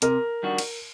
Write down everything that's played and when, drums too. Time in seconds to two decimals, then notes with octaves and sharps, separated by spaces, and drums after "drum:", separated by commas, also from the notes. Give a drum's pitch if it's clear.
0.02 C3 A#4, drum: hi-hat
0.43 D#3 G3 D4 F#4
0.58 drum: cymbal